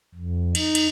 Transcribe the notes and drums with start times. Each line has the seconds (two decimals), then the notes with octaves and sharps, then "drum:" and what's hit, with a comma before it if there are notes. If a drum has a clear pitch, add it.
0.15 F2
0.55 D#4, drum: cymbal
0.75 drum: cymbal